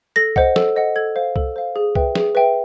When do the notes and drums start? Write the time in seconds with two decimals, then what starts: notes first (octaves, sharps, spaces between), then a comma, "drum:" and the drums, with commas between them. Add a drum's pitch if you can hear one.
0.16 A4 A#6
0.36 C5 D#5 F#5, drum: kick C2
0.56 A4, drum: snare
0.76 C5 D#5 F#5
0.96 A4 G#6
1.16 C5 F5
1.36 A4, drum: kick C2
1.56 C5 F5
1.76 G#4
1.95 B4 E5 G5, drum: kick C2
2.15 G#4, drum: snare
2.35 B4 E5 G5